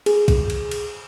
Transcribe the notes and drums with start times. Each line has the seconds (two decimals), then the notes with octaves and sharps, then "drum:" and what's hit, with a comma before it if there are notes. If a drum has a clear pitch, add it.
0.06 G#4, drum: cymbal
0.28 drum: kick, cymbal
0.50 drum: cymbal
0.71 drum: cymbal